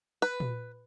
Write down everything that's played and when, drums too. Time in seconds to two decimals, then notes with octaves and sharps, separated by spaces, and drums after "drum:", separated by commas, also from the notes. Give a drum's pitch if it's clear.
0.22 B4
0.40 drum: tom A#2